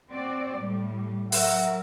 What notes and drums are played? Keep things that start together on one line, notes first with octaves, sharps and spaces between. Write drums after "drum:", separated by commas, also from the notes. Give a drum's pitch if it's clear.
C4 F#4 D5
A2 G3
F#3 A#4 E5 F#5, drum: open hi-hat